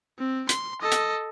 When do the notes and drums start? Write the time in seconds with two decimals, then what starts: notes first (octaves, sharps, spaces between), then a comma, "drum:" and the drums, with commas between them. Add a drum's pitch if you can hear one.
0.18 C4
0.49 C6, drum: hi-hat
0.81 A4 D#5
0.92 drum: hi-hat